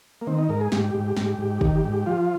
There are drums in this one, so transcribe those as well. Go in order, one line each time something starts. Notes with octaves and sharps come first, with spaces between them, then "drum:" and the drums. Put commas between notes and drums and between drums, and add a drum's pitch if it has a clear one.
A#3
D#3 C4
D#4
G#2 A#4
G#4
G#2 G4, drum: snare
G#2
G#2, drum: snare
G#2
D#3, drum: kick
G#2
F3 F4